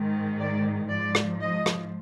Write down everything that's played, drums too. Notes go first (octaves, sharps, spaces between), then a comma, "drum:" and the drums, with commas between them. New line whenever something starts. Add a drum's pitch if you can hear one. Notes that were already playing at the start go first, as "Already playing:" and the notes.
Already playing: G#2 D#3
D5
G#2 F3 D5
drum: rim click
D#5
drum: rim click